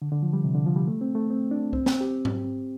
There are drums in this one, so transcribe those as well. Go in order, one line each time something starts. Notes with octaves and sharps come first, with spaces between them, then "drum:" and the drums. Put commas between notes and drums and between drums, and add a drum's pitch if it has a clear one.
D3
D3
F3
G3
C3
D3
F3
G3
A3
C4
A3
C4
D4
C4, drum: kick C2
C4, drum: snare
G4
drum: tom G#2